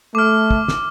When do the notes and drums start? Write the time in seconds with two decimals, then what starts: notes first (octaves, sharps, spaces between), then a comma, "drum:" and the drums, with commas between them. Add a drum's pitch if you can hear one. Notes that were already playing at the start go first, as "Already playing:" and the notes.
0.15 A3 D6 F6
0.51 drum: kick
0.68 drum: snare